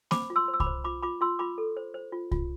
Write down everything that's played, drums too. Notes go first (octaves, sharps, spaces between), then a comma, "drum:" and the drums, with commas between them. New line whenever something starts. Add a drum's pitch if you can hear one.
C5 B5 D6, drum: snare A#3
F4
C6 E6
C5
E6
B5 D6, drum: kick C2
C5
F4 B5 D6
F4 B5 D6
F4 C6 E6
F4 B5 D6
A4
C5
C5
F4
F4, drum: kick C2